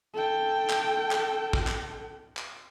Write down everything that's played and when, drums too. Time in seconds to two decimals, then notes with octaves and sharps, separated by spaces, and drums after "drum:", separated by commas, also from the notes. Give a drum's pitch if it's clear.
0.14 A4 G5
0.70 drum: clap
1.11 drum: clap
1.53 drum: kick
1.67 drum: clap
2.37 drum: clap